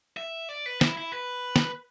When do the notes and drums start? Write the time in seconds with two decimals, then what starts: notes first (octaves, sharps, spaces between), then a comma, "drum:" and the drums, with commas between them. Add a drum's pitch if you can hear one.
0.17 E5
0.49 D5
0.66 B4
0.81 E4, drum: snare
0.97 E4
1.13 B4
1.56 drum: snare